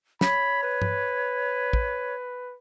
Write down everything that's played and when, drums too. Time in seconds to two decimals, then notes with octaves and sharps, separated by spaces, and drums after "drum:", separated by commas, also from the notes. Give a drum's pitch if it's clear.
0.21 C#5 B5, drum: snare
0.63 B4
0.82 drum: tom G2
1.73 drum: kick